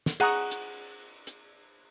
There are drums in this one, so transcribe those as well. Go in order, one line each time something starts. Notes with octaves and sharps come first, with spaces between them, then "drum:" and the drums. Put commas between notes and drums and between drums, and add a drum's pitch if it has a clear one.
drum: snare
G#4 F#5 A#5 C#6 D#6, drum: cymbal
drum: hi-hat
drum: hi-hat